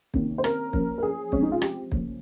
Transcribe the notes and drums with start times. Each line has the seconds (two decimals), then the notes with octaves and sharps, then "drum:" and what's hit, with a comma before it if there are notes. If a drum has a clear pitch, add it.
0.14 C3 D#3 A#3 C#4, drum: kick
0.38 C5
0.44 A#4, drum: rim click
0.73 F3 A#3 C#4, drum: kick
0.98 A#4
1.03 G#4
1.32 C3 F3 G#3 C4 C#4, drum: kick
1.42 D#4
1.52 F4
1.62 G4, drum: rim click
1.92 C#3 F3 A#3 C#4, drum: kick